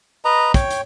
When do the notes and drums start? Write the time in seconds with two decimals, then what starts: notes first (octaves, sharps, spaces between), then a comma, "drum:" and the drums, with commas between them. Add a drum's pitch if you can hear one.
0.25 B4 D#5 A#5
0.54 C#5 G5, drum: kick, hi-hat
0.70 drum: hi-hat